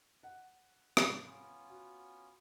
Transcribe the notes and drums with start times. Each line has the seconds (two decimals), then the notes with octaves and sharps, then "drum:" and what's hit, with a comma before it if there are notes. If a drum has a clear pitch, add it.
0.23 F#5
0.97 drum: rim click
1.26 B3 C#4 F4
1.70 F#4